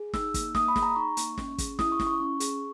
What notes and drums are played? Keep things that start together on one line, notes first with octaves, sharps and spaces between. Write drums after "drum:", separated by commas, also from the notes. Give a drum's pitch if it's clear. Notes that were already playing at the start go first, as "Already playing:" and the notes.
Already playing: G#4
D#4 E6, drum: snare
A#3, drum: kick, hi-hat
A#3 D#6, drum: snare
B5
G#4, drum: snare
A#5
D#4 C#6
A#3, drum: hi-hat
C#4, drum: snare
G#4, drum: kick, hi-hat
E4 D#6, drum: snare
C#6
C#4, drum: snare
C#6
C#4
G#4, drum: hi-hat